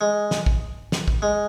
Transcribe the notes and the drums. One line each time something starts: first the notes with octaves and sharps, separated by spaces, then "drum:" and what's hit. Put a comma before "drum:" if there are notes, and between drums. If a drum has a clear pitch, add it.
G#3
drum: snare
drum: kick
drum: snare
drum: kick
G#3